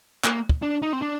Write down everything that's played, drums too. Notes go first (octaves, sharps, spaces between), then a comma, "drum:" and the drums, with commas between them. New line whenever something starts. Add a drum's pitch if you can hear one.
A#3, drum: clap
drum: kick
D4
D#4
C4
D4